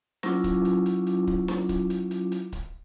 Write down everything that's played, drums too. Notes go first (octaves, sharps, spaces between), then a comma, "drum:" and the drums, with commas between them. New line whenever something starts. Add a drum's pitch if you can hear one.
F#3 C#4 E4 F4 D6, drum: snare
drum: kick D1, hi-hat
drum: hi-hat
drum: hi-hat
drum: hi-hat
drum: kick D1
drum: snare
drum: kick D1, hi-hat
drum: hi-hat
drum: hi-hat
drum: hi-hat
drum: kick D1, hi-hat